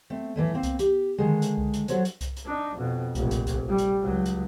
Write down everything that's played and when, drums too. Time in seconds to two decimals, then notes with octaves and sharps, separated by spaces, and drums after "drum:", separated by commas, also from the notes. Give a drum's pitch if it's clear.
0.10 A3 C4
0.36 A2 E3 G#3 A3
0.54 A#3 C4
0.63 drum: kick C2, hi-hat
0.79 G4, drum: hi-hat
1.18 D3 D#3 G#3
1.42 drum: hi-hat
1.58 drum: kick C2
1.74 drum: hi-hat
1.88 F#3 F#4 A4 C5 C#5, drum: hi-hat
2.05 drum: hi-hat
2.21 drum: kick C2, hi-hat
2.37 drum: hi-hat
2.46 D4 D#4
2.76 F2 B2
3.15 F1 A#1, drum: kick C2, hi-hat
3.31 drum: hi-hat
3.47 drum: kick C2, hi-hat
3.68 G3
3.78 drum: hi-hat
4.02 C#2 F#3
4.26 drum: hi-hat